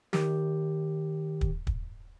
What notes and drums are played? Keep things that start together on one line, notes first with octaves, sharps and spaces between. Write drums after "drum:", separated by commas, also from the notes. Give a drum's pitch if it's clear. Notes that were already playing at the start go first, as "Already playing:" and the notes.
D#3 G4, drum: snare
drum: kick
drum: kick